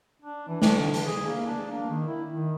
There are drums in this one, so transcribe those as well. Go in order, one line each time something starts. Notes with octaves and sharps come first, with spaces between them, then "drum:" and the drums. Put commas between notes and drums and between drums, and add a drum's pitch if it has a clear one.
D4
E3
D4, drum: snare
D3
E3, drum: hi-hat
G#4
A#3
D4
A#3
D#3
E4
D#3